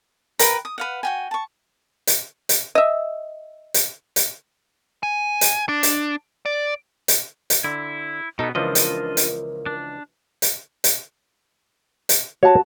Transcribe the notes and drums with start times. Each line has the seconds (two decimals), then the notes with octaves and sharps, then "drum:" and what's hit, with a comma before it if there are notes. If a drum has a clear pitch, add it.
0.39 A#4 B4 G5 B5, drum: hi-hat
0.65 D#6
0.78 B4 F5 F#5
1.03 F#4 G5 G#5
1.31 A5 C#6
2.07 drum: hi-hat
2.49 drum: hi-hat
2.75 D#5 E5
3.74 drum: hi-hat
4.16 drum: hi-hat
5.03 G#5
5.41 drum: hi-hat
5.69 D4
5.83 drum: hi-hat
6.46 D5
7.08 drum: hi-hat
7.50 drum: hi-hat
7.64 D3 E4
8.39 B2 B3 D#4 A4
8.55 C#2 E3 F3 D4 F4 A#4 D#5
8.75 drum: hi-hat
9.17 drum: hi-hat
9.66 D4
10.42 drum: hi-hat
10.84 drum: hi-hat
12.09 drum: hi-hat
12.43 F#4 C#5 A5